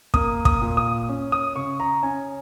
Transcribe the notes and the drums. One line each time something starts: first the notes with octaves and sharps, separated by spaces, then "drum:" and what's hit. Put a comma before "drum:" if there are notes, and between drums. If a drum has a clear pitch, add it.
A#3 D#6, drum: kick
D#6, drum: kick
A#2
D#6
C#4
D#6
C#3 C#6
A#5
C#4 G#5